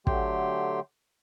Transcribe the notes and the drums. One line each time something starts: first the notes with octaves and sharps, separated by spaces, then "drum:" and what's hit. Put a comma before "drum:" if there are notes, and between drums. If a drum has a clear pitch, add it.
D3 F#3 A3 G4 G5 C6, drum: kick